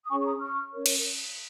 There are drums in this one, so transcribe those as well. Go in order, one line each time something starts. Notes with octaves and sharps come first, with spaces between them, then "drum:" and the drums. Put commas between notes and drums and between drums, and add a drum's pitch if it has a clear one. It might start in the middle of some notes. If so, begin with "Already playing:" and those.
D#6
C#4 G#4 C#5 G#5 C#6
C#6
A#5 D#6
C#6 F6
C#4 A#4 C#5
drum: cymbal